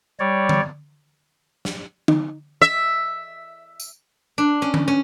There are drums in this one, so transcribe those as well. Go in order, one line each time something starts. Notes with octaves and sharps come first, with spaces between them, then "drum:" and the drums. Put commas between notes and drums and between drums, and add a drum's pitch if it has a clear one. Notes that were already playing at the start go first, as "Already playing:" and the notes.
G3 C#5 D5
drum: tom D3
drum: snare
D#4, drum: tom D3
E5
drum: tambourine
D4
C#4
drum: tom D3
C#4